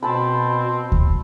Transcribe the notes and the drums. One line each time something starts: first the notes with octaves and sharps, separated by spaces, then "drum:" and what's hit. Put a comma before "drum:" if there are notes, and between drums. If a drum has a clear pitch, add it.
B2 C4 A5 B5
drum: kick D2